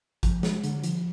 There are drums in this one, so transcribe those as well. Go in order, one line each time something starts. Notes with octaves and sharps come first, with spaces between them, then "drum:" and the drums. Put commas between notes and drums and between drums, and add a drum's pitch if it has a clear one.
F3, drum: kick G#1, hi-hat
G#3, drum: snare
D3, drum: hi-hat
F3, drum: hi-hat